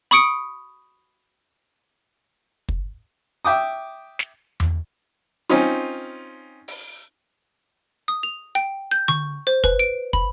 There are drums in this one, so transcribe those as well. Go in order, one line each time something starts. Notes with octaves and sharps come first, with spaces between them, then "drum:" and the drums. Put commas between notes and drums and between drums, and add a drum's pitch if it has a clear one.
B5 C#6 D#6 C#7 D7
drum: kick
E5 G5 D6 D#6
drum: snare
drum: tom E2
C4 C#4 D#4 F4, drum: hi-hat
drum: open hi-hat
D#6
F7
G5
G6
C#6, drum: tom D3
C5
B4, drum: kick
D7
B5, drum: kick